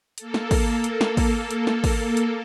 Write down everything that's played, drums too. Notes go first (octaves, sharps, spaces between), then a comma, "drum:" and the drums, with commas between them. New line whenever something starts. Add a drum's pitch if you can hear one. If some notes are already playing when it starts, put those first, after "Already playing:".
A#3 A4, drum: hi-hat
drum: snare
drum: kick, open hi-hat
drum: hi-hat
drum: snare
drum: kick, open hi-hat
drum: hi-hat
drum: snare
drum: kick, open hi-hat
drum: hi-hat